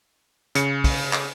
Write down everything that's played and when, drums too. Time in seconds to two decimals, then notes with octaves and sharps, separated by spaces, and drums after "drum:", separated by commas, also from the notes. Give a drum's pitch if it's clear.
0.55 C#3 C#7, drum: hi-hat
0.84 drum: kick, open hi-hat
1.13 drum: clap